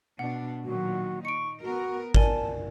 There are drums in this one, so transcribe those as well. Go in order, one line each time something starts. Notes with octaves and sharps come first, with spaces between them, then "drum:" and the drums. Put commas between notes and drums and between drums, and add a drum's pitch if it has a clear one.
B2 D4 F#5
A#2 D#3 F#3 F#4
D#4 C#6 C#7 D7
B3 F#4 A#4
B2 A#4 D5 G#5 A5, drum: kick G#1